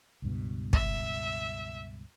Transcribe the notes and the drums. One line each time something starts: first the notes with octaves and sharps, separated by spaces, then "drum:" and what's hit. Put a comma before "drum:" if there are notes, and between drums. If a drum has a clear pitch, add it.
C#2 G2 B2
E5, drum: kick